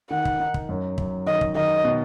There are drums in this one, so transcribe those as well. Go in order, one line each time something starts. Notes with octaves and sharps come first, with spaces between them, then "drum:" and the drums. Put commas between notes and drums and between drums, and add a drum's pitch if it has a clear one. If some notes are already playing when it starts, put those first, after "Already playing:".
D#3 F#5
drum: kick
D#4
drum: kick
F#2
F#2, drum: kick
D#3 D#5
drum: kick
D#3 D#5
B2